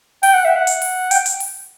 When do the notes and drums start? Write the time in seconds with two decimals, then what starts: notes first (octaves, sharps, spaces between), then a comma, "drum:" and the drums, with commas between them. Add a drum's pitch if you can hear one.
0.23 G5, drum: open hi-hat
0.34 F#5
0.45 E5
0.56 F#5
0.67 drum: hi-hat
0.82 drum: open hi-hat
1.11 G5, drum: hi-hat
1.26 drum: hi-hat
1.40 drum: open hi-hat